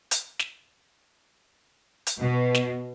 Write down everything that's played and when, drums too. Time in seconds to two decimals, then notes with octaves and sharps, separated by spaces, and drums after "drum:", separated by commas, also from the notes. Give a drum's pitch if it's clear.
0.11 drum: hi-hat
0.39 drum: snare
2.07 drum: hi-hat
2.20 B2
2.54 drum: snare